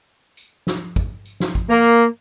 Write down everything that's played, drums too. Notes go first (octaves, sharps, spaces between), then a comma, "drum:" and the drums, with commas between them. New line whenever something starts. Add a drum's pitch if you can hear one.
drum: tambourine
drum: snare
drum: kick G#1, tambourine
drum: tambourine
drum: snare
drum: kick G#1, tambourine
A#3
drum: tambourine